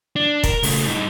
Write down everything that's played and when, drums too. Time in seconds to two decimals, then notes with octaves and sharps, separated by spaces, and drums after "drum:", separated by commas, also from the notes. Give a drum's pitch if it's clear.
0.16 D4
0.43 A#4, drum: kick, hi-hat
0.63 C#3 A3, drum: open hi-hat
0.86 G2 D#4